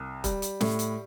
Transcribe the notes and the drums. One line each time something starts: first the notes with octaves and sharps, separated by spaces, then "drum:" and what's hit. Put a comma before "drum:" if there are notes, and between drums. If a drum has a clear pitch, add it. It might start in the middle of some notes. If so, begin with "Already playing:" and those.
Already playing: C2
G3, drum: kick, hi-hat
drum: hi-hat
A2, drum: snare
drum: hi-hat